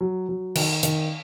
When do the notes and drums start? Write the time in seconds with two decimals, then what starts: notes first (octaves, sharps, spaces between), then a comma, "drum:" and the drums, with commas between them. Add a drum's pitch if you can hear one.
0.01 F#3
0.29 F#3
0.55 D#3, drum: cymbal
0.83 D#3, drum: hi-hat